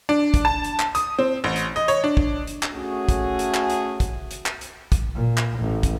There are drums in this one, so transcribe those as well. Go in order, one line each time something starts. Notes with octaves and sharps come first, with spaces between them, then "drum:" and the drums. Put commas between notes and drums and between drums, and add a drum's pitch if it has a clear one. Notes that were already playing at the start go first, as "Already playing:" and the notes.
D4
drum: kick, hi-hat
A5
drum: hi-hat
drum: clap
D#6, drum: hi-hat
C4
A1
drum: hi-hat
D#5
C#5, drum: hi-hat
D4
drum: kick
drum: hi-hat
drum: clap
A3 C#4 F#4 G#4
drum: kick, hi-hat
drum: hi-hat
drum: clap
drum: hi-hat
drum: kick, hi-hat
drum: hi-hat
drum: clap
drum: hi-hat
drum: kick, hi-hat
A#2
drum: clap
A1
drum: kick, hi-hat